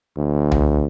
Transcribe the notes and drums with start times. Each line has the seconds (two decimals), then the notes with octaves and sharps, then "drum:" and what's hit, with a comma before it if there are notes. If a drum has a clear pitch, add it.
0.17 D2
0.51 drum: tom C2